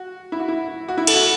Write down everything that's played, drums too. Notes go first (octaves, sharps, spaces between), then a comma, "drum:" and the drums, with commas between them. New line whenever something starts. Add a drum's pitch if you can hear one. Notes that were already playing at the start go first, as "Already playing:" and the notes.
Already playing: F#4
E4
F#4
E4
F#4
E4
A4, drum: cymbal
F#4